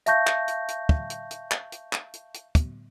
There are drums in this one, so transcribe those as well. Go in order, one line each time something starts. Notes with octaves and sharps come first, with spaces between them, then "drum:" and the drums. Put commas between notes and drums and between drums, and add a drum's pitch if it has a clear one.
E5 F5 A5 C#6 G6 A#6, drum: hi-hat
drum: clap
drum: hi-hat
drum: hi-hat
drum: kick
drum: hi-hat
drum: hi-hat
drum: clap
drum: hi-hat
drum: clap
drum: hi-hat
drum: hi-hat
drum: kick, hi-hat